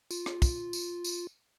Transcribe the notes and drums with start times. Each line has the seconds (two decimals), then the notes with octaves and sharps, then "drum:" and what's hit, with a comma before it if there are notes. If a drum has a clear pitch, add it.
0.11 F4, drum: tambourine
0.26 drum: rim click
0.42 drum: kick, tambourine
0.73 drum: tambourine
1.04 drum: tambourine